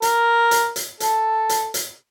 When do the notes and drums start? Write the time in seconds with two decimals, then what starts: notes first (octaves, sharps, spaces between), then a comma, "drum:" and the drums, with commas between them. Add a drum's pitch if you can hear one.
0.02 A#4, drum: hi-hat
0.51 drum: hi-hat
0.76 drum: hi-hat
1.00 A4, drum: hi-hat
1.49 drum: hi-hat
1.74 drum: hi-hat